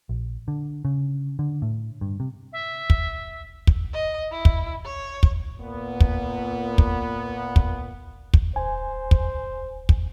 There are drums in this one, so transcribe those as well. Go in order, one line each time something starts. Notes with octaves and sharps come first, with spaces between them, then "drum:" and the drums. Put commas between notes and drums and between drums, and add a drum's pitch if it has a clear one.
A#1
D3
C#3
D3
A2
G2
C3
E5
drum: kick
drum: kick
D#5
E4
drum: kick
C#5
drum: kick
A#2 B3
drum: kick
drum: kick
drum: kick
drum: kick
D#1 C5 G#5
drum: kick
drum: kick